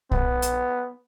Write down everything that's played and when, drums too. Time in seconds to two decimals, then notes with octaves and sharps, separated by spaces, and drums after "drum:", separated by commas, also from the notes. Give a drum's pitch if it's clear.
0.11 B3, drum: kick
0.42 drum: hi-hat